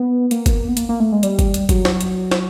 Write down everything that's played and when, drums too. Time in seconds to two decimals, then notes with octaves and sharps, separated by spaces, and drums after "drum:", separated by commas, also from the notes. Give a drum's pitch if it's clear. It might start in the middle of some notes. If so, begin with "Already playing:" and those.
Already playing: B3
0.31 A#3, drum: hi-hat
0.46 drum: kick G1, hi-hat
0.69 B3
0.77 A#3, drum: hi-hat
0.89 A#3
1.00 A3
1.12 G#3
1.23 G3, drum: hi-hat
1.39 drum: kick G1, hi-hat
1.54 drum: hi-hat
1.69 F#3, drum: kick G1, hi-hat
1.85 drum: snare
2.01 drum: hi-hat
2.31 drum: snare